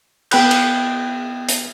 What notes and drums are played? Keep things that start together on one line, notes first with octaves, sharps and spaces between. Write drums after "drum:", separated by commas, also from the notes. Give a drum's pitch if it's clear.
B3 G5 B5 F#6 G6, drum: cymbal
drum: cymbal
drum: hi-hat